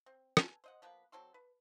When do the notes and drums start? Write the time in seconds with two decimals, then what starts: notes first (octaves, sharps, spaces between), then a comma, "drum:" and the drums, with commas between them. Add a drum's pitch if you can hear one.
0.06 C4
0.37 A4 B4 G#5, drum: rim click
0.64 C5 D#5 F#5
0.82 F3 A#3 B3 B4
1.12 F#3 C4 A4 C6
1.34 B4